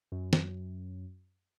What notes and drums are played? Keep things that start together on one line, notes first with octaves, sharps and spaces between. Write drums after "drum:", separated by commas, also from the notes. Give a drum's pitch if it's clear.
F#2
drum: snare